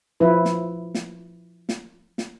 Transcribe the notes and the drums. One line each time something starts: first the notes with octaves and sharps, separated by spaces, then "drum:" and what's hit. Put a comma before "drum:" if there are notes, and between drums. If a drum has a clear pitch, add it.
F3 E4 B4
drum: snare
drum: snare
drum: snare
drum: snare